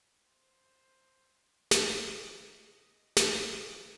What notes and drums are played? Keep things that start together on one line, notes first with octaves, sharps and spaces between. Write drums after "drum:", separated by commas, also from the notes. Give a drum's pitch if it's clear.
C5
D5, drum: snare
D#5
G5, drum: snare
F5